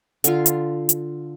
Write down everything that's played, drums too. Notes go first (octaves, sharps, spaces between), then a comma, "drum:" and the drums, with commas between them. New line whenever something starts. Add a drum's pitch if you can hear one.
D3 F4, drum: hi-hat
drum: hi-hat
drum: hi-hat